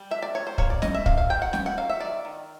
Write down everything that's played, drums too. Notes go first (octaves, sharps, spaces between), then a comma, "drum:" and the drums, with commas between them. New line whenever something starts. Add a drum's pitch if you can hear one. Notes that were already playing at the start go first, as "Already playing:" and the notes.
Already playing: G3
D4 E5
D5
D#3 C#5
C5
A#3 C#5, drum: kick
D5
G3 D#5, drum: snare
E5
D4 F5, drum: kick
F5
D#3 G5
F#5
B3 G5, drum: snare
F#5
F#3 F5
E5
D#3 D5
D#3